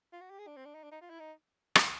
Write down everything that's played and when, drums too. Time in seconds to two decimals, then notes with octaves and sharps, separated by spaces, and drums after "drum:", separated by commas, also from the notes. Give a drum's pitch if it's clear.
0.13 F4
0.21 F#4
0.31 G4
0.39 G#4
0.47 D4
0.57 C4
0.65 D4
0.75 D#4
0.83 D4
0.92 D#4
1.02 F4
1.10 E4
1.20 D#4
1.75 drum: rim click